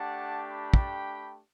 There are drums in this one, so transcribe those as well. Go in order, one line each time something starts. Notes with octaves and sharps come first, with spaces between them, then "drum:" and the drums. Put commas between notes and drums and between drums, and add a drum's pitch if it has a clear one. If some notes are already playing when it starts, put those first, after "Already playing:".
Already playing: A3 D4 G4 F#5 A5
G5 B5
drum: kick